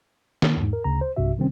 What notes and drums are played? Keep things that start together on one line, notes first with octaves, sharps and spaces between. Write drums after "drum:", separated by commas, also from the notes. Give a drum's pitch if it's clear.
drum: snare
E2 G#2
A#4
D2 C#3 A#5
C5
B1 G2 C3 F#4 E5
C3 D#3 G3 C4 C#4